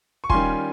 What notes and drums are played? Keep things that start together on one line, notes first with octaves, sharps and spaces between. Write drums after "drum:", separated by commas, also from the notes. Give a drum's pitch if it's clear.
C#6
D#3 G3 C#4 F4 G#5 C6, drum: kick